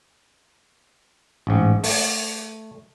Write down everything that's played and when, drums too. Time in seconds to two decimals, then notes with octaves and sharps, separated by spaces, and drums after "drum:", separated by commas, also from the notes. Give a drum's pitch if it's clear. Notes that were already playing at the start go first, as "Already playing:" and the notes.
1.47 A1 G#2
1.84 A3, drum: open hi-hat